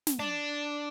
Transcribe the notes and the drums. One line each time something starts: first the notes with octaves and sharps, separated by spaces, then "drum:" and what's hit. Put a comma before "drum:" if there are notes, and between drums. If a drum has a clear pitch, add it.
drum: snare
D4